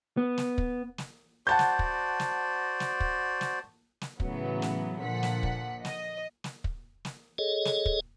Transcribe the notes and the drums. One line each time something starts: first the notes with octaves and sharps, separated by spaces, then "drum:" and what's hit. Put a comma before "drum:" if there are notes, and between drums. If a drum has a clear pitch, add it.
B3
drum: snare
drum: kick
drum: snare
F#4 C5 D5 F#5 A5 G6
drum: snare
drum: kick
drum: snare
drum: snare
drum: kick
drum: snare
drum: snare
A2 C#3 E3 F#3 B3, drum: kick
drum: snare
A#2 D3 F3 F#5 B6
drum: snare
drum: kick
D#5, drum: snare
drum: snare
drum: kick
drum: snare
G#4 A4 C#5 D#5
drum: snare
drum: kick